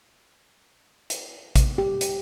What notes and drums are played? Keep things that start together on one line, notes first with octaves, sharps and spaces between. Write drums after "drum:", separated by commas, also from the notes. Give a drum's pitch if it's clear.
drum: hi-hat
drum: kick, hi-hat
G4
drum: hi-hat